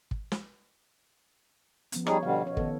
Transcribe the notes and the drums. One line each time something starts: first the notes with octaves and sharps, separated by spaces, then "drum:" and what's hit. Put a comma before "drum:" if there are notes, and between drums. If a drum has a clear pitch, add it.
drum: kick
drum: snare
F3 B3 C#4, drum: hi-hat
G3 D#4 G4 G#4 C#5, drum: rim click
B2 D3 G3 F5
B2 C#4 C#5
D#3 B3 A4, drum: kick